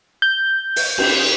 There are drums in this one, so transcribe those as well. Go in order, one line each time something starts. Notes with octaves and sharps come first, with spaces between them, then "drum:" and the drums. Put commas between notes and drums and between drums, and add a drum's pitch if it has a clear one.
G6
drum: open hi-hat
drum: cymbal